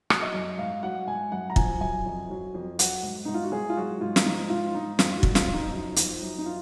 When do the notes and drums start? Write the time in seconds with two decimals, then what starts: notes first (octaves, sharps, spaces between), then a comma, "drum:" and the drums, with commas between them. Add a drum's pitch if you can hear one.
0.10 F#3, drum: rim click
0.22 D#5
0.34 F#2
0.58 G#2 F5
0.83 F#3 F#5
1.07 G#2 G#5
1.32 F#2 F#5
1.50 A#5
1.56 F3 G#5, drum: kick
1.80 F#2 G#5
2.06 F2
2.30 F#3
2.54 F2
2.79 F#3 F#5, drum: hi-hat
3.03 G#2
3.25 G#2 D#4
3.34 F4
3.43 F#4
3.52 G#2 G#4
3.70 F4
3.77 F#3 F#4
4.01 G#2 F4
4.16 drum: snare
4.26 F3 D#4
4.50 G#2 F4
4.74 G#2 D#4
4.99 F2 F4, drum: snare
5.18 F#4
5.23 F#3, drum: kick
5.35 F4, drum: snare
5.48 F2
5.54 D#4
5.72 F#2
5.96 F3, drum: hi-hat
6.22 F#2
6.38 D#4
6.46 F4